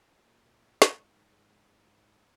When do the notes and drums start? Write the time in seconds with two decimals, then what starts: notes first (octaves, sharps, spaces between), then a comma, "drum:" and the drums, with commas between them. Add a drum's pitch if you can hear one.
0.23 A#2
0.82 G#2, drum: snare